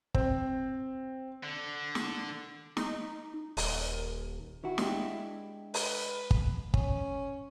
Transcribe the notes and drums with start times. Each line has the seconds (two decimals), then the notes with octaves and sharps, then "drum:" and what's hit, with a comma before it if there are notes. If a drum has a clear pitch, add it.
0.14 C4, drum: kick
1.43 D3
1.95 drum: snare
2.77 D#4, drum: snare
3.57 D#1, drum: open hi-hat
4.64 D#3 E4 F#4
4.78 G#3 D4 G4, drum: snare
5.74 B4, drum: open hi-hat
6.31 drum: kick
6.74 C#4, drum: kick